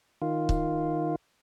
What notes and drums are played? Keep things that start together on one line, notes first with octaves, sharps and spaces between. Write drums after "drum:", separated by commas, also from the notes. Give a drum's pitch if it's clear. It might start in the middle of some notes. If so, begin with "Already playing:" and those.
D#3 F4
drum: kick C#1